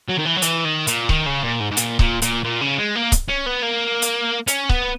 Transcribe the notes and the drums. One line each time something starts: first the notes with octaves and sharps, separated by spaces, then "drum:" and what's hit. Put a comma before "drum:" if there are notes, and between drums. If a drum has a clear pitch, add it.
F#3
D#3
E3
F#3
E3, drum: hi-hat
D#3
A#2, drum: hi-hat
D#3, drum: kick C#1
C#3
A#2
G#2
G#2
A#2, drum: hi-hat
A#2, drum: kick C#1
A#2, drum: hi-hat
A#2
C#3
G#3
A#3
drum: kick C#1, hi-hat
C#4
B3
A#3
drum: hi-hat
C#4, drum: hi-hat
B3, drum: kick C#1